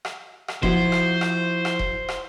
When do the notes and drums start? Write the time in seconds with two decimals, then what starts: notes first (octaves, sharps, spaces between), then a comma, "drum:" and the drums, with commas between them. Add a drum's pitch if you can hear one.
0.05 drum: rim click
0.48 drum: rim click
0.63 F3 E4 F#4 C5, drum: kick E1
0.92 drum: rim click
1.21 drum: rim click
1.65 drum: rim click
1.79 drum: kick E1
2.09 drum: rim click